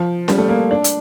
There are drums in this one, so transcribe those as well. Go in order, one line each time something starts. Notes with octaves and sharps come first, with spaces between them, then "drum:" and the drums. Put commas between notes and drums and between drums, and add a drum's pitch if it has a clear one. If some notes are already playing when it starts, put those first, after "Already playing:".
Already playing: F3
G3, drum: snare C#4
A3
A#3
D4
drum: hi-hat